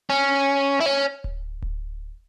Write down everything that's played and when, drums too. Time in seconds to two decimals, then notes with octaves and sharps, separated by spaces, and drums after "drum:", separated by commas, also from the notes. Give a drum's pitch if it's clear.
0.10 C#4
0.81 E4
0.86 C#4
1.24 drum: kick D1
1.62 drum: kick D1